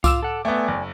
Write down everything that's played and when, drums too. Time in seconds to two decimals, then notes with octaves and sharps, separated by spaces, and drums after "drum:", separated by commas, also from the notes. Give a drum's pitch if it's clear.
0.04 F4 D6 E6 E7, drum: kick C2, tambourine
0.23 A4 F#5
0.45 A3 B3 D5 G5 G#5
0.68 F#1